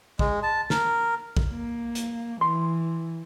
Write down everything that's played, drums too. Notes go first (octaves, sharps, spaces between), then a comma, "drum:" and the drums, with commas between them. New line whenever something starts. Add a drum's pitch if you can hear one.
G#3, drum: kick A#1
A5
A#4, drum: snare
drum: kick A#1
A#3
drum: hi-hat
E3 C6